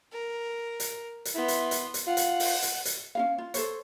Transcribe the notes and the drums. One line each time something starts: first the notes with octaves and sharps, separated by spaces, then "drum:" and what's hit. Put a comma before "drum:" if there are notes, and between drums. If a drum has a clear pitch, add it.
A#4
drum: hi-hat
drum: hi-hat
B3 E4 C6
drum: hi-hat
drum: hi-hat
drum: hi-hat
F4 F#5
drum: hi-hat
drum: open hi-hat
drum: hi-hat
drum: hi-hat
C#4 F4 F5
F4
A4 C5 C#5, drum: hi-hat